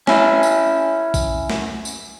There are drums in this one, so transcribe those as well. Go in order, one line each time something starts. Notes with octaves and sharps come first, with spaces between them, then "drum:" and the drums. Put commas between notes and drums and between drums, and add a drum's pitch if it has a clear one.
C#4 E4, drum: snare
drum: tambourine
drum: kick A1, tambourine
drum: snare
drum: tambourine